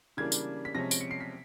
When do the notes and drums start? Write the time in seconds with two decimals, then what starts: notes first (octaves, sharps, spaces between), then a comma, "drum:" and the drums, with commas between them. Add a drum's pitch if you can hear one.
0.17 C#3 E3 G3 A#3 D4 G#6
0.32 drum: tambourine
0.65 B6
0.75 C3 F3 G#3 C#4 A#6
0.91 D7, drum: tambourine
1.01 C#7
1.11 C7
1.20 B6